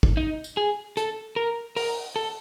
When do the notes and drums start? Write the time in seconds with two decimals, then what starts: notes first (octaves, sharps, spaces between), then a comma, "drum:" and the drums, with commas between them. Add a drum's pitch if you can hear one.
0.03 drum: kick
0.17 D#4
0.44 drum: tambourine
0.57 G#4
0.97 A4, drum: hi-hat
1.36 A#4
1.76 A#4, drum: open hi-hat
2.16 A4